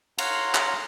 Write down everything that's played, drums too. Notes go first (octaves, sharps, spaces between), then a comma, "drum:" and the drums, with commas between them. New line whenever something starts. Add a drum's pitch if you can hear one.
C#5 F5 F#5 A#5 C6, drum: cymbal
drum: clap